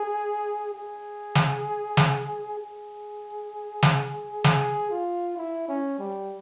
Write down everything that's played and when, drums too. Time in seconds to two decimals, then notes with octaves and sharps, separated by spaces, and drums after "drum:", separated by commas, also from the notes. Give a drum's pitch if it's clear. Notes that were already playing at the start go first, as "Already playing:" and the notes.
Already playing: G#4
0.74 G#4
1.35 drum: snare
1.97 drum: snare
2.59 G#4
3.83 drum: snare
4.44 G#4, drum: snare
4.91 F4
5.37 E4
5.69 C#4
5.99 G3